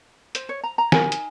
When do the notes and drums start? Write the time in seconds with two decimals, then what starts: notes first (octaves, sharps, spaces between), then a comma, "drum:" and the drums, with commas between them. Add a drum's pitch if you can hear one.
0.35 C5, drum: hi-hat
0.49 C#5
0.64 A#5
0.78 A#5
0.92 D#4 A#4 G#5, drum: snare
1.12 drum: hi-hat